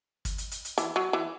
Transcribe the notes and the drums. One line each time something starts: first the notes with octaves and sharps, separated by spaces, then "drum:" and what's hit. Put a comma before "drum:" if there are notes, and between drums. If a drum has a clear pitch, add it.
drum: kick, hi-hat
drum: hi-hat
drum: hi-hat
drum: hi-hat
E3, drum: hi-hat
F#3
E3